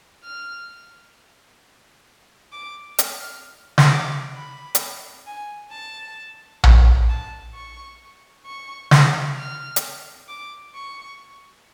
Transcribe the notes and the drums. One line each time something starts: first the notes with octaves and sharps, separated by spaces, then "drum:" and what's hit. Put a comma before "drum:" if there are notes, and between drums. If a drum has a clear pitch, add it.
F6
D6
F6, drum: hi-hat
drum: snare
D6
B5
drum: hi-hat
G#5
A5
drum: tom A#1
A5
C#6
C#6
drum: snare
F6
drum: hi-hat
D6
C#6